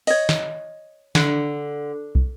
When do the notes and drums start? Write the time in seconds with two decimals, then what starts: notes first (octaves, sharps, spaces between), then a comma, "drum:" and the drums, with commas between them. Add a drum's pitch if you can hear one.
0.07 C#5 D#5, drum: open hi-hat
0.29 drum: snare
1.15 D3, drum: snare
2.15 drum: kick